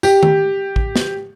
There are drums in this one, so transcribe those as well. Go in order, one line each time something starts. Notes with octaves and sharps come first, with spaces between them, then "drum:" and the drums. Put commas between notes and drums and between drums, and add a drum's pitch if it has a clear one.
G4, drum: tambourine
drum: tom D#3
drum: kick A1
drum: snare